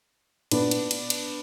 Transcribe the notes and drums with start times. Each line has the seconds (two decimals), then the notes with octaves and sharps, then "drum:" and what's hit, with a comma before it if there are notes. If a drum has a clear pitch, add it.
0.51 A#2 B3 D4, drum: cymbal
0.71 drum: cymbal
0.91 drum: cymbal
1.10 drum: cymbal